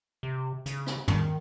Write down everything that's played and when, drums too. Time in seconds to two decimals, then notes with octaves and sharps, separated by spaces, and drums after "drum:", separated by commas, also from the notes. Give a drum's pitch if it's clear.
0.23 C3
0.66 C#3, drum: hi-hat
0.86 drum: rim click
1.08 D#3, drum: tom